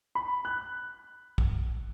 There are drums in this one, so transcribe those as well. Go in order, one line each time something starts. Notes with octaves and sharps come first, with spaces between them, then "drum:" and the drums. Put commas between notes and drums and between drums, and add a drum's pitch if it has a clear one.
B5
F#6
drum: kick